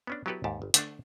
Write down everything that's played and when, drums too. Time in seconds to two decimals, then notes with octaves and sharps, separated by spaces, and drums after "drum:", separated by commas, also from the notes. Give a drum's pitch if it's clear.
0.07 B3 C#4 D4
0.26 F#3 B3 E4 G4 A4 B4
0.44 D#2 G#2 G4 A5
0.62 G1
0.74 D3 A3 D4, drum: hi-hat